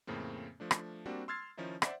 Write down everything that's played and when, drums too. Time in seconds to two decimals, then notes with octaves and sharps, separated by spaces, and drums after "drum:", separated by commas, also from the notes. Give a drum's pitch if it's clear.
0.07 F2 A2 C#3 A#3 C4
0.60 F3 A3 D4
0.71 drum: rim click
1.06 G3 A#3 C4 D4 F#4 G4
1.28 C6 E6 F6 G#6 A6 C7
1.57 D#3 F3 C#4 D#4 E4
1.82 C5 D5 E5 F#5, drum: rim click